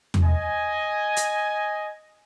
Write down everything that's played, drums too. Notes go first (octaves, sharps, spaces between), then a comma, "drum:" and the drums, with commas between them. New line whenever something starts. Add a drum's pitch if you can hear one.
drum: tom E2
D#5 G#5
drum: hi-hat